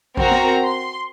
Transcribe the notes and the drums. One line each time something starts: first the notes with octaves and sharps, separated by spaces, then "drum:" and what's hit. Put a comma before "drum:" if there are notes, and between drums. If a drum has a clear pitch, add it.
C4 F#4 A#4 A#5, drum: kick A1
drum: snare
C6